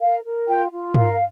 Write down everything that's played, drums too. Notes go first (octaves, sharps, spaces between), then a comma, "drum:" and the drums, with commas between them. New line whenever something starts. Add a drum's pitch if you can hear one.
A#4 F5
A#4
F4 G5
F4
A#4 F5, drum: tom